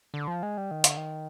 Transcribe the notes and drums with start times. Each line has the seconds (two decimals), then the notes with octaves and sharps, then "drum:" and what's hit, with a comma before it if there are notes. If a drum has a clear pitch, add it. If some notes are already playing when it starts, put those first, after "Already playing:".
0.14 D3
0.28 F3
0.43 G#3
0.58 G3
0.71 D#3
0.84 D3, drum: hi-hat
0.97 D#3